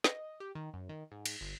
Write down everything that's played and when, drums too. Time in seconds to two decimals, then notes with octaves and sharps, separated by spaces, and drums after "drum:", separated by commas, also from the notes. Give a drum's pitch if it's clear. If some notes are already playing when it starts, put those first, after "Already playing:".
0.04 D#5, drum: snare
0.40 G4
0.55 D#3
0.74 F#2
0.89 D#3
1.12 G#2
1.26 drum: cymbal
1.41 G1